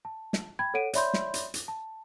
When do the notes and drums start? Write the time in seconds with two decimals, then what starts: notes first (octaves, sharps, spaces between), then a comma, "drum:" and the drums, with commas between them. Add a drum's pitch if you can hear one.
0.05 A5
0.33 drum: snare
0.59 G5 B5 G#6
0.74 A4 C#5 F#5 D7 D#7
0.93 C#5 D5 E5 B5 C6 G6, drum: hi-hat
1.14 drum: snare
1.34 drum: hi-hat
1.54 drum: hi-hat
1.68 A5